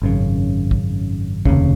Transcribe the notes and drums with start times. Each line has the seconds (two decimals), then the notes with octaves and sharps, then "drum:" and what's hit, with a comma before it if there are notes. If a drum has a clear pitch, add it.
0.02 G#1 F#2 C#3
0.71 drum: kick
1.46 F1 D#2 C#3, drum: kick